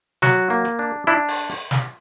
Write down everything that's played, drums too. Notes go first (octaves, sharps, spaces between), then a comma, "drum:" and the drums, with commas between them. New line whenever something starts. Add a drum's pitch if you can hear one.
F#3 F#4, drum: snare
A#3
drum: hi-hat
D4
D4 E4, drum: hi-hat
drum: open hi-hat
drum: open hi-hat
drum: snare